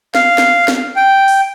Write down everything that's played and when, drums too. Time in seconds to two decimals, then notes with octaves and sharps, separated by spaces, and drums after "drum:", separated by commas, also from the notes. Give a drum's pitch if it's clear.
0.15 F5, drum: snare
0.38 drum: snare
0.68 drum: snare
0.96 G5
1.28 drum: open hi-hat